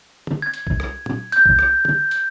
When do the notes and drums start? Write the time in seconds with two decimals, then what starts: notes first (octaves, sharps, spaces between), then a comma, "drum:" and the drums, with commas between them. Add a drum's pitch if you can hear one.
0.27 drum: tom
0.42 G#6
0.54 drum: hi-hat
0.67 drum: kick C2
0.80 drum: rim click
1.06 drum: tom
1.32 G6, drum: hi-hat
1.46 drum: kick C2
1.59 drum: rim click
1.85 drum: tom
2.11 drum: hi-hat